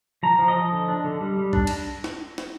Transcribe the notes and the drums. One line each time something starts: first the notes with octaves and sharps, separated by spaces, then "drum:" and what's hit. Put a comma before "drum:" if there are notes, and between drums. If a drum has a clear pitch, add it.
F3 A#5
F3
D#5
F3
D3
D4
D3
G3
G3
D4, drum: kick A#1
drum: cymbal
drum: snare
drum: snare